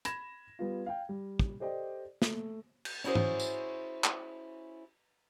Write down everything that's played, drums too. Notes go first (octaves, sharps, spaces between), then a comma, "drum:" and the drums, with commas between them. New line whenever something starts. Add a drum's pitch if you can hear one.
B5 G#6 A#6 E7, drum: hi-hat
G3 B3 F4
F5 G5
G3
drum: kick
G4 A4 C5 D5 D#5 G5
A3, drum: snare
drum: cymbal
C#4 E4 F#4 G#4 C5
drum: tom G#2
drum: tambourine
drum: clap